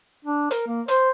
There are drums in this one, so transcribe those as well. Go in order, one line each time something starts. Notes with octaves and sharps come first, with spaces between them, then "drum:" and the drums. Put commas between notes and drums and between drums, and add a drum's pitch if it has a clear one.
D4
A#4, drum: hi-hat
A#3
C5, drum: hi-hat